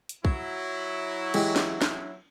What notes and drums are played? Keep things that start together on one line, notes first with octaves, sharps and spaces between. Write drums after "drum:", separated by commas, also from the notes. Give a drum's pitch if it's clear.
drum: hi-hat
F#3 E4, drum: kick
E3 G#3 G4, drum: cymbal
drum: snare
drum: snare